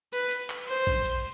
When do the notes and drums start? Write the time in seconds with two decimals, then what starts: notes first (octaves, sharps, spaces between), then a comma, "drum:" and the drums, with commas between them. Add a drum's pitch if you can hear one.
0.13 B4, drum: cymbal
0.31 drum: cymbal
0.50 drum: clap
0.68 C5, drum: cymbal
0.87 drum: kick, cymbal
1.06 drum: cymbal